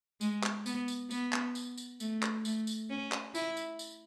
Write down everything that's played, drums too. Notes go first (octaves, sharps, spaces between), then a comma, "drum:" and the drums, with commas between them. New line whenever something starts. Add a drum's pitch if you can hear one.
G#3, drum: tambourine
drum: clap
B3, drum: tambourine
drum: tambourine
B3, drum: tambourine
drum: clap
drum: tambourine
drum: tambourine
A3, drum: tambourine
drum: clap
A3, drum: tambourine
drum: tambourine
C#4
drum: clap
E4, drum: tambourine
drum: tambourine
drum: tambourine